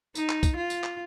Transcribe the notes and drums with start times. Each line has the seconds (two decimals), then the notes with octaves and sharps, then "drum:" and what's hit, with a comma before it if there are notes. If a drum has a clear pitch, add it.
0.15 D#4, drum: tambourine
0.29 drum: clap
0.43 drum: kick B1, tambourine
0.57 F4
0.70 drum: tambourine
0.84 drum: clap